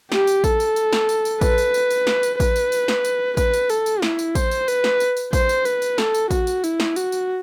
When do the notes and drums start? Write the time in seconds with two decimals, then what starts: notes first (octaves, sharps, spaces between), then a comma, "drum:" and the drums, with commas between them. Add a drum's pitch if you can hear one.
0.12 G4, drum: snare
0.27 drum: tambourine
0.44 A4, drum: kick A1, tambourine
0.60 drum: tambourine
0.76 drum: tambourine
0.93 drum: snare
1.09 drum: tambourine
1.25 drum: tambourine
1.41 B4, drum: kick A1, tambourine
1.58 drum: tambourine
1.74 drum: tambourine
1.90 drum: tambourine
2.07 drum: snare
2.23 drum: tambourine
2.40 B4, drum: kick A1, tambourine
2.56 drum: tambourine
2.72 drum: tambourine
2.88 drum: snare
3.05 drum: tambourine
3.37 B4, drum: kick A1, tambourine
3.54 drum: tambourine
3.69 A4, drum: tambourine
3.86 drum: tambourine
4.02 E4, drum: snare
4.19 drum: tambourine
4.35 C5, drum: kick A1, tambourine
4.51 drum: tambourine
4.68 B4, drum: tambourine
4.84 drum: snare
5.00 drum: tambourine
5.17 drum: tambourine
5.33 C5, drum: kick A1, tambourine
5.49 drum: tambourine
5.65 B4, drum: tambourine
5.82 drum: tambourine
5.98 A4, drum: snare
6.14 drum: tambourine
6.31 F#4, drum: kick A1, tambourine
6.47 drum: tambourine
6.64 E4, drum: tambourine
6.80 drum: snare
6.96 F#4, drum: tambourine
7.12 drum: tambourine